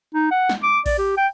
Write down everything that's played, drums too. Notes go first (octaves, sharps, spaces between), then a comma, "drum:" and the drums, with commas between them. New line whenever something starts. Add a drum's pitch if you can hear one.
D#4
F#5
drum: snare
D6
D5, drum: kick A#1, open hi-hat
G4
G5